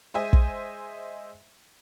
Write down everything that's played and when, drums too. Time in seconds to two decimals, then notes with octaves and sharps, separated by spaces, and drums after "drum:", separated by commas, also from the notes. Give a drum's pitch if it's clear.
0.14 G#3 C5 D#5 E5 G#5
0.33 drum: kick